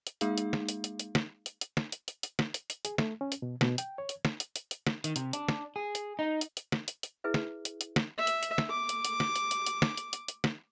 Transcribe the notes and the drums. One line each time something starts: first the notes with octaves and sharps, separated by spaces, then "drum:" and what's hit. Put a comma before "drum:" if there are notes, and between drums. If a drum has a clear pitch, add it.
drum: hi-hat
G#3 A#3 D#4 G#4 F5, drum: hi-hat
drum: hi-hat
drum: snare
drum: hi-hat
drum: hi-hat
drum: hi-hat
drum: snare
drum: hi-hat
drum: hi-hat
drum: snare
drum: hi-hat
drum: hi-hat
drum: hi-hat
drum: snare
drum: hi-hat
drum: hi-hat
G#4, drum: hi-hat
A3, drum: snare
C#4
drum: hi-hat
B2
B2, drum: snare
G5, drum: hi-hat
C#5
drum: hi-hat
drum: snare
drum: hi-hat
drum: hi-hat
drum: hi-hat
drum: snare
D#3, drum: hi-hat
C3, drum: hi-hat
D4, drum: hi-hat
drum: snare
G#4
drum: hi-hat
D#4
drum: hi-hat
drum: hi-hat
drum: snare
drum: hi-hat
drum: hi-hat
E4 G#4 B4 E5
drum: snare
drum: hi-hat
drum: hi-hat
drum: snare
E5
drum: hi-hat
drum: hi-hat
drum: snare
D6
drum: hi-hat
drum: hi-hat
drum: snare
drum: hi-hat
drum: hi-hat
drum: hi-hat
drum: snare
drum: hi-hat
drum: hi-hat
drum: hi-hat
drum: snare